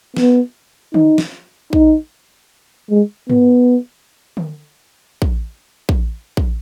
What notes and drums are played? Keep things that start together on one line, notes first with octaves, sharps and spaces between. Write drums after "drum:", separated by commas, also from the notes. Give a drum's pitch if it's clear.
B3, drum: snare
D#4, drum: tom D3
drum: snare
D#4, drum: kick
G#3
B3, drum: tom G#2
drum: tom D3
drum: kick
drum: kick
drum: kick